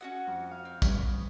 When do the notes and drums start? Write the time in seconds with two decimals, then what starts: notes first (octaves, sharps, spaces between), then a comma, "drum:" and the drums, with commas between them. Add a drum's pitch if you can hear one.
0.01 C#4 F#4 F#5
0.27 F2
0.51 F5
0.65 C4
0.82 G3 B3 C#4, drum: kick, tambourine